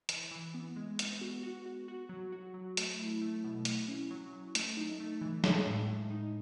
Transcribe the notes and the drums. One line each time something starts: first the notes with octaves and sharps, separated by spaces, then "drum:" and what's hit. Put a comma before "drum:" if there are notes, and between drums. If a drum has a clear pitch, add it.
E3, drum: hi-hat
E3
B3
G#3
B3, drum: hi-hat
F#4
F#4
F#4
F#4
F#3
F#4
F#3
A3, drum: hi-hat
E4
A3
B2
E4, drum: hi-hat
C#4
F#3
F#3
A3, drum: hi-hat
D#4
A3
E3
G#3, drum: snare
A2
A2
D#4